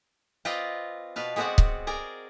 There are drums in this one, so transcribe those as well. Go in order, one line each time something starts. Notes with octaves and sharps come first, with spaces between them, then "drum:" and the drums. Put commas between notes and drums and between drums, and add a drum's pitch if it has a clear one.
C4 F4 B4 D5 D#5 F5
B2 B4 F5 A5
G#3 B3 C4 F#4 D5 F#5
drum: kick C#1
G#4 A#4 D5